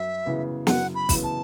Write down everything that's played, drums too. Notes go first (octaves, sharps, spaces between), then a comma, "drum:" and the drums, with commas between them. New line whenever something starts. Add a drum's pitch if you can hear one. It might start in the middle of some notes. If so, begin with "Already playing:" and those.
Already playing: F#2 E5
C#3 E3 B3
F#2 F#5, drum: snare
B5
C#3 E3 B3, drum: kick, open hi-hat
A5